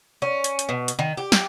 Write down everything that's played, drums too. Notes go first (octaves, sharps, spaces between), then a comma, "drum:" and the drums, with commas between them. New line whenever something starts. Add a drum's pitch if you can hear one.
C#4
drum: hi-hat
drum: hi-hat
B2
drum: hi-hat
D#3
G4
drum: snare